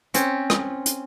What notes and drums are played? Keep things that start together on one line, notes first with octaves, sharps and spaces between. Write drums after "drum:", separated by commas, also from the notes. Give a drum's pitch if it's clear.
C4 C#4, drum: hi-hat
drum: rim click
drum: hi-hat